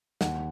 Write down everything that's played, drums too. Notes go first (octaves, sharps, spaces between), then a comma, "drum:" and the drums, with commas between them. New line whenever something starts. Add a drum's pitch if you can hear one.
D#2 F#5, drum: snare